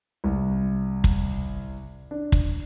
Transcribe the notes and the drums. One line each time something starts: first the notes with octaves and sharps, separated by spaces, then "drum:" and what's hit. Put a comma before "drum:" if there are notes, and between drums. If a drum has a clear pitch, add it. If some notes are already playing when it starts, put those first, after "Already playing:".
C2
drum: kick
D4
drum: kick